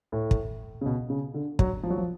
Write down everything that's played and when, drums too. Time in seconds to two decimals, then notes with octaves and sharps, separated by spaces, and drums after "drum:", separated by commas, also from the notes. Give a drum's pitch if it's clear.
0.12 A2
0.31 drum: kick
0.81 C#3
0.86 B2
1.10 C#3
1.34 D3
1.59 F#3, drum: kick
1.83 F3
1.90 F#3
1.97 F3